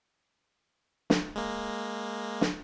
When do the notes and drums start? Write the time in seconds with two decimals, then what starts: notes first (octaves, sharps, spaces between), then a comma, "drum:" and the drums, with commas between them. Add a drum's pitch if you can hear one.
1.10 drum: snare
1.36 G#3 A#3
2.41 drum: snare